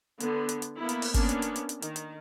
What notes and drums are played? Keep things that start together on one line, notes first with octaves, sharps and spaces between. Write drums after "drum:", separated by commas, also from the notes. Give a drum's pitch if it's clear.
D3 B3, drum: hi-hat
drum: hi-hat
drum: hi-hat
A#3 B3 E4
drum: hi-hat
drum: open hi-hat
A#3 B3 C#4 D4, drum: kick G1, hi-hat
drum: hi-hat
drum: hi-hat
drum: hi-hat
drum: hi-hat
D#3, drum: hi-hat
drum: hi-hat